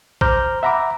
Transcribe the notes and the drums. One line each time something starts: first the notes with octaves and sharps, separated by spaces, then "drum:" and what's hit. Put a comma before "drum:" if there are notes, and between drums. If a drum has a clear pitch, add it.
C5 A#5 D6 F6 G6, drum: kick A#1
E5 F#5 A#5 B5 D6